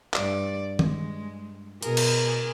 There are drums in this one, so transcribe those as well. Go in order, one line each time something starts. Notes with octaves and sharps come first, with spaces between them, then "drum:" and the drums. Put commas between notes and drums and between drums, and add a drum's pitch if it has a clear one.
G2 D5, drum: clap
G#3, drum: tom D#3
B2 G#4 A#4, drum: hi-hat
drum: cymbal